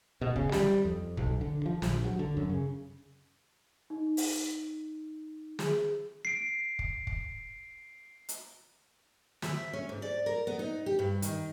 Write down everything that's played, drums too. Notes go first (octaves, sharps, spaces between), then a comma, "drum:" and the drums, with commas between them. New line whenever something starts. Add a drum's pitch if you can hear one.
B2
C#3, drum: kick
G3, drum: snare
F2
B1, drum: kick
D3
F3
A#1, drum: snare
F#3
D3
F#2
C#3
D#4
drum: open hi-hat
G#4, drum: snare
C7 D7
drum: kick
drum: kick
drum: hi-hat
E5, drum: snare
C#4
G#2
D5
A#4
B3
D#4
G4
G2
D#3, drum: hi-hat